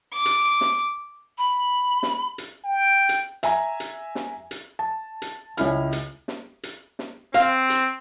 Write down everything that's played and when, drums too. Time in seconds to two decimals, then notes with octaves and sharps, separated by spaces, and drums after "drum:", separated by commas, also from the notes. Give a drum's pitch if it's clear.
0.13 D6
0.26 drum: hi-hat
0.61 drum: snare
1.38 B5
2.03 drum: snare
2.38 drum: hi-hat
2.65 G5
3.09 drum: hi-hat
3.43 E5 G#5 A#5, drum: hi-hat
3.80 drum: hi-hat
4.15 drum: snare
4.51 drum: hi-hat
4.79 A5
5.22 drum: hi-hat
5.57 C#2 C#4 E4 F6, drum: hi-hat
5.93 drum: hi-hat
6.28 drum: snare
6.63 drum: hi-hat
6.99 drum: snare
7.34 C4 F5, drum: hi-hat
7.70 drum: hi-hat